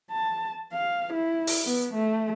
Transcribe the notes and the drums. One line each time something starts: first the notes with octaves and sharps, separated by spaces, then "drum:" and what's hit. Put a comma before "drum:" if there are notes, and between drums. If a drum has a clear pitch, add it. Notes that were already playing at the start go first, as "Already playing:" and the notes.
A5
F5
E4
drum: open hi-hat
B3
A3